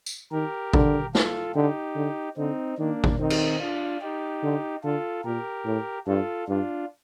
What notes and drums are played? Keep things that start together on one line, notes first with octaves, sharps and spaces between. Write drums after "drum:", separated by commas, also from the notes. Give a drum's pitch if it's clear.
drum: tambourine
D#3 G4 A#4
D3, drum: kick G#1
F4 A4, drum: snare
D3 D#4 G4
D3
D3 C4 D#4
D#3 A#3 D4
drum: kick G#1
D#3 C4 D#4
drum: cymbal
D4 F4
D#4 G4
D3
D3 F4 A4
A#2 G4 A#4
A2
G2 F4 A4
G2 D4 F4